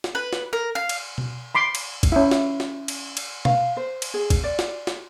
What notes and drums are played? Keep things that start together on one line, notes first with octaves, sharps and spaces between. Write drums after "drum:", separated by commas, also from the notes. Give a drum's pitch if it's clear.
drum: snare
B4
drum: snare
A#4
F5
drum: cymbal
drum: tom B2
B5 C6 D6
drum: cymbal
drum: kick, cymbal
C#4 E4
drum: snare
drum: snare
drum: cymbal
drum: cymbal
F5, drum: tom B2
C5
drum: cymbal
G#4
drum: kick, cymbal
D5
drum: snare
drum: snare